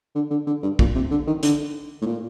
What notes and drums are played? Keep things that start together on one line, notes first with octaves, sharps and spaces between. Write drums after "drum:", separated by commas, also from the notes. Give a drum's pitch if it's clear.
D3
D3
D3
G2
A#2, drum: kick
C3
D3
D#3
D3, drum: hi-hat
A2
A#2